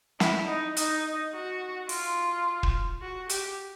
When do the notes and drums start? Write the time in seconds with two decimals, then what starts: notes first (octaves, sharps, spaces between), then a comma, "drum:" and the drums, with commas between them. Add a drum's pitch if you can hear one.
0.20 E4, drum: snare
0.48 D#4
0.77 D#4, drum: hi-hat
1.33 F#4
1.89 F4, drum: open hi-hat
2.63 drum: kick
3.02 F#4
3.29 G4, drum: hi-hat